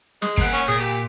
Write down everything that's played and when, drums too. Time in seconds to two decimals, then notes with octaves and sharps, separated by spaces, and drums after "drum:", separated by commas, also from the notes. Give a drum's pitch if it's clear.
0.22 G#3, drum: snare
0.38 A#3 F#5, drum: kick
0.53 C#4
0.68 A#2 G#4, drum: hi-hat
0.80 G4